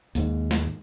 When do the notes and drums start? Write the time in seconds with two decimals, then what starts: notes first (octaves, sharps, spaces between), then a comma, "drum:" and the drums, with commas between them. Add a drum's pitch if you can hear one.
0.15 D#2 G#2, drum: hi-hat
0.51 drum: snare